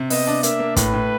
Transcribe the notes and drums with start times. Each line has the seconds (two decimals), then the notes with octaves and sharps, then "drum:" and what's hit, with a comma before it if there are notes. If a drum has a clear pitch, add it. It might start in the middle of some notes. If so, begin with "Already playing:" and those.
Already playing: C3
0.10 B3 D#5, drum: open hi-hat
0.27 D4
0.43 A#3 E5, drum: hi-hat
0.60 A#3
0.76 A2 B4, drum: kick, hi-hat
0.93 A2